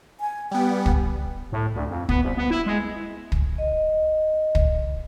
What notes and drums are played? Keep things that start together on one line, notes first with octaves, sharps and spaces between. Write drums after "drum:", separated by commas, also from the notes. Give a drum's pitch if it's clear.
G#5
G3 B3 G5
drum: kick
A2
D2
F2
B3, drum: kick
C2
B3
E4
G#3
drum: kick
D#5
drum: kick